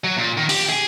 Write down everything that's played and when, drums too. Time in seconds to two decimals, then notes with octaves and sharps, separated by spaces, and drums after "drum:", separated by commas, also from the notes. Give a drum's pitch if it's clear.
0.04 F#3
0.17 A#2
0.37 D#3
0.49 G4, drum: open hi-hat
0.69 G#4